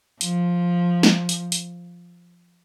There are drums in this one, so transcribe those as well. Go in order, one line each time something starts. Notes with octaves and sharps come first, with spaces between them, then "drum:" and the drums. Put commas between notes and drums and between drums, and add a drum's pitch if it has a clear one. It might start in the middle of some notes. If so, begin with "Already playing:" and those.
F3, drum: hi-hat
drum: snare
drum: hi-hat
drum: hi-hat